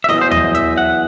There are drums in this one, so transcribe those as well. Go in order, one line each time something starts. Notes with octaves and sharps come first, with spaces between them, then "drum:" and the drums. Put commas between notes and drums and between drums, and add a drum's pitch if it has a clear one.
E5
E2 B2 F#3 D#5, drum: snare
C5
D#5, drum: tom D#2
E5, drum: hi-hat
F#5